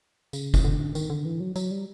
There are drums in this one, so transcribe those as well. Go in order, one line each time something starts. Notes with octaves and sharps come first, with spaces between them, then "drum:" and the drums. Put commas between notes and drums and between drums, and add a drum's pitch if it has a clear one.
C#3, drum: tambourine
drum: kick F1, tambourine
D3
D#3, drum: tambourine
D3
E3
F#3
F#3, drum: tambourine
G3